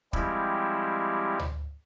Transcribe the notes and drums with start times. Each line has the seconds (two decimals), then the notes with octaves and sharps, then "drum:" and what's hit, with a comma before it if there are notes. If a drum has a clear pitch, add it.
0.13 F3 G3 G#3 C4 E4 G4, drum: kick
1.39 drum: tom D2